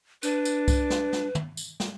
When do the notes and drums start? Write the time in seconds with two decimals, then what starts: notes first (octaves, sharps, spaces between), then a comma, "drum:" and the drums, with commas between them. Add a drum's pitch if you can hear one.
0.23 D4 B4, drum: tambourine
0.45 drum: tambourine
0.68 drum: kick C2, tambourine
0.90 drum: snare
1.13 drum: snare
1.35 drum: tom
1.57 drum: tambourine
1.80 drum: snare